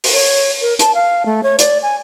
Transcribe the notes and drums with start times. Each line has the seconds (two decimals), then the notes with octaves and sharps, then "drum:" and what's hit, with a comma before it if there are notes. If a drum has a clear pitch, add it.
0.04 drum: open hi-hat
0.13 C#5
0.62 A#4
0.79 A5, drum: hi-hat
0.95 F5
1.26 A3
1.43 C#5
1.59 D5, drum: hi-hat
1.83 G#5